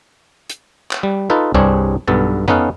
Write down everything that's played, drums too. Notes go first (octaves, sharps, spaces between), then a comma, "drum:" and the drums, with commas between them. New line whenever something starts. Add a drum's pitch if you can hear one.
drum: hi-hat
drum: clap
G3
D#4 F4 A4 B4
C2 G2 C4 D4 G#4 C#5, drum: kick
B1 G2 B3 A4 A5
B3 C#4 D#4 A4 F5 F#5, drum: tom F2